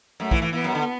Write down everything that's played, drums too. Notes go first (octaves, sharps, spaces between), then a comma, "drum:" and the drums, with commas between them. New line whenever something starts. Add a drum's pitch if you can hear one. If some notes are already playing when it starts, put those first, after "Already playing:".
F#2 A3
E3, drum: kick
E3
E3 B3
F#2
D3